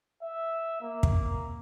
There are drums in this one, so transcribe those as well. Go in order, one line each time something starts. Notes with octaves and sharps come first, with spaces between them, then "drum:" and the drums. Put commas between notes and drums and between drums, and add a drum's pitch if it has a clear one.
E5
A#3
drum: kick